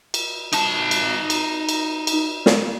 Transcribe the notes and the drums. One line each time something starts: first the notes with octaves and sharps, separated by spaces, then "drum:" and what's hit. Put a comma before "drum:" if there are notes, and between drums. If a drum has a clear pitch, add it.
drum: cymbal
D#4 A5, drum: cymbal
drum: cymbal
drum: cymbal
drum: cymbal
drum: cymbal
drum: snare